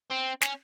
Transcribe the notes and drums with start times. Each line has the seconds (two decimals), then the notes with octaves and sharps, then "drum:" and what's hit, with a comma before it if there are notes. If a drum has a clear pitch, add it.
0.11 C4
0.42 C#4, drum: snare